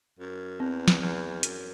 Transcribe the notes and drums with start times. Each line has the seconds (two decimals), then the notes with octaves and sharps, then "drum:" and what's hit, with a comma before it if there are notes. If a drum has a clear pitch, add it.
0.19 F#2
0.60 E2 C4
0.88 drum: snare
1.01 E2
1.43 F#2, drum: hi-hat